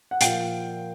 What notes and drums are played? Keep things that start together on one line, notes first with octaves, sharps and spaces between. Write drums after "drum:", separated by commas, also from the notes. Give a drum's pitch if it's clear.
F#5
A#2 F3 F5 G5, drum: hi-hat